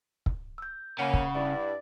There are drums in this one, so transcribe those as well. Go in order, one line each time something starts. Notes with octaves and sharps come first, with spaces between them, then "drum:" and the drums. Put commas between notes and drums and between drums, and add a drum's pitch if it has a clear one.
drum: kick
E6 G6
C#3 A#3 C#4 F#5 B5
drum: kick
G2 E4 D5